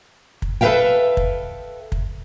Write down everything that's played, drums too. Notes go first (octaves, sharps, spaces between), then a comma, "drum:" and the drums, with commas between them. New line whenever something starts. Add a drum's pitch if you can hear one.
drum: kick
A4 B4 C5 E5 F5 G5
drum: kick
drum: kick